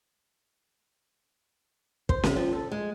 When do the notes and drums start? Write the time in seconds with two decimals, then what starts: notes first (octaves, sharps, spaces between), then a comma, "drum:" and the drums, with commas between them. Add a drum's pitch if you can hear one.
2.09 C5, drum: kick
2.24 C3, drum: snare C#4
2.36 F3
2.52 A4
2.72 G#3